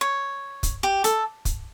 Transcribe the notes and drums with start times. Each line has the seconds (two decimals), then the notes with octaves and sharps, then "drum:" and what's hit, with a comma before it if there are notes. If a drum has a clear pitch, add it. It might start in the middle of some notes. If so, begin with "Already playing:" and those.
0.01 C#5
0.63 drum: kick, hi-hat
0.83 G4
1.04 A4, drum: hi-hat
1.45 drum: kick, hi-hat